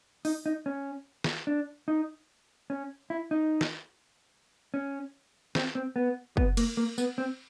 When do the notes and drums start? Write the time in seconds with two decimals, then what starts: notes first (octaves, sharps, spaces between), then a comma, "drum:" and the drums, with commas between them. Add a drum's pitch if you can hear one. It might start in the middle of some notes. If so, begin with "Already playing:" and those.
0.25 D#4, drum: open hi-hat
0.46 D#4
0.66 C#4
1.24 drum: snare
1.47 D4
1.88 D#4
2.70 C#4
3.10 E4
3.31 D#4
3.61 drum: snare
4.74 C#4
5.55 C4, drum: snare
5.75 C4
5.96 B3
6.37 B3, drum: kick
6.57 A#3, drum: cymbal
6.77 A#3
6.98 B3, drum: tambourine
7.18 C4